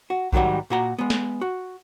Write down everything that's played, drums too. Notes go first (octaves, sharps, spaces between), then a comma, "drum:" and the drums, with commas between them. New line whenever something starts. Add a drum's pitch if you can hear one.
F#4
G#2 D#3 F#3 G3 F#4, drum: kick A#1
A#2 F#4 A#5
G#3 B3
drum: snare
F#4